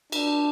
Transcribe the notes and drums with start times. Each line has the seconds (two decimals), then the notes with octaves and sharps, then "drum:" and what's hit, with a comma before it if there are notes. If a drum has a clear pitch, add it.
0.12 D4, drum: cymbal